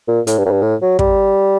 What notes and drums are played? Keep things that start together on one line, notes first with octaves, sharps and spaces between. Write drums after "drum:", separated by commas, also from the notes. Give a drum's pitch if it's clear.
A#2
A2, drum: hi-hat
G2
F#2
G2
A2
F#3
G3, drum: kick